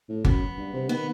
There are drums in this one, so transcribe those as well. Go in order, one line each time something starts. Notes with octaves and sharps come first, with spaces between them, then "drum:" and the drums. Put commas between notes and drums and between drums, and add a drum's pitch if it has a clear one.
A2
F#2 B3, drum: kick G1
G2
C3
D#3 B3